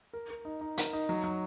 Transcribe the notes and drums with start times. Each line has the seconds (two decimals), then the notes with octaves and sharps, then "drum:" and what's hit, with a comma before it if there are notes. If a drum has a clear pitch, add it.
0.13 A#4
0.30 A#4
0.45 D#4
0.61 D#4
0.77 A#4, drum: hi-hat
0.93 D#4
1.09 F#3
1.24 F#3